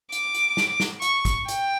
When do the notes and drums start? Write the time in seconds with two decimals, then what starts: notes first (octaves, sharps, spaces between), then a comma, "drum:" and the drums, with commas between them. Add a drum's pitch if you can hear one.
0.12 D6, drum: hi-hat
0.34 drum: hi-hat
0.57 drum: snare
0.80 drum: snare
1.02 C#6, drum: hi-hat
1.25 drum: kick, hi-hat
1.48 G5, drum: hi-hat